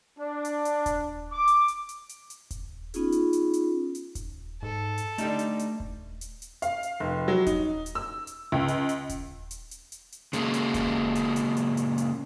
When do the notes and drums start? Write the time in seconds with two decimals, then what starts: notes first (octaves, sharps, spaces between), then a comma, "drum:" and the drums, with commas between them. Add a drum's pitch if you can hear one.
0.19 D4
0.45 drum: hi-hat
0.65 drum: hi-hat
0.86 drum: kick D#1, hi-hat
1.32 D6
1.48 drum: hi-hat
1.68 drum: hi-hat
1.89 drum: hi-hat
2.09 drum: hi-hat
2.30 drum: hi-hat
2.51 drum: kick D#1, hi-hat
2.94 B3 C#4 D#4 F4 G#4, drum: hi-hat
3.12 drum: hi-hat
3.33 drum: hi-hat
3.53 drum: hi-hat
3.95 drum: hi-hat
4.15 drum: kick D#1, hi-hat
4.63 G#2 A4
4.98 drum: hi-hat
5.18 D3 G3 A3 D#4, drum: hi-hat
5.39 drum: hi-hat
5.59 drum: hi-hat
5.80 drum: kick D#1
6.21 drum: hi-hat
6.42 drum: hi-hat
6.62 F5, drum: hi-hat
6.83 drum: hi-hat
7.00 F1
7.28 F#3
7.46 D#4, drum: kick D#1, hi-hat
7.86 drum: hi-hat
7.95 E6
8.27 drum: hi-hat
8.52 C#2
8.68 drum: hi-hat
8.89 drum: hi-hat
9.09 drum: kick D#1, hi-hat
9.51 drum: hi-hat
9.71 drum: hi-hat
9.92 drum: hi-hat
10.12 drum: hi-hat
10.33 C#3 G#3 A#3, drum: hi-hat
10.54 drum: hi-hat
10.74 drum: kick D#1, hi-hat
11.15 drum: hi-hat
11.36 drum: hi-hat
11.57 drum: hi-hat
11.77 drum: hi-hat
11.98 drum: hi-hat